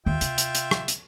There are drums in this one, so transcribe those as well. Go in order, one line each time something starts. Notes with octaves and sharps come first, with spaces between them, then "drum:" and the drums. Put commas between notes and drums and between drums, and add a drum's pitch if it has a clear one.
D#2 F4 E5 G5
C3, drum: hi-hat
drum: hi-hat
drum: hi-hat
drum: rim click
drum: hi-hat